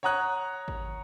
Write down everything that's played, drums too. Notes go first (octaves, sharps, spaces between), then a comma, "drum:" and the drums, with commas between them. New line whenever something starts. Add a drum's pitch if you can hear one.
C#5 F#5 A#5 D#6 F#6
drum: kick G#1